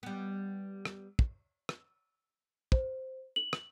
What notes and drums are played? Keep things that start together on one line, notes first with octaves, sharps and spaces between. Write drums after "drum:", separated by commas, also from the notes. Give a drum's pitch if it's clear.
G3 B3
drum: rim click
drum: kick
drum: rim click
C5, drum: kick
F#7
drum: rim click